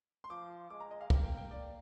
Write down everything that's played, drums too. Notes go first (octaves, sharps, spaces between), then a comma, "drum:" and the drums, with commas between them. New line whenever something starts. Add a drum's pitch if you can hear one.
C6
F3 D6
G#3 D6
A#5
D#5
F5
A#3 G5, drum: kick
G5
G5
D5